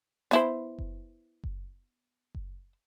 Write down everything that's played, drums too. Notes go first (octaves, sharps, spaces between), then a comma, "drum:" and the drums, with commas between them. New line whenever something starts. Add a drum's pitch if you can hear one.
B3 E4 C5, drum: snare
drum: kick F#1
drum: kick F#1
drum: kick F#1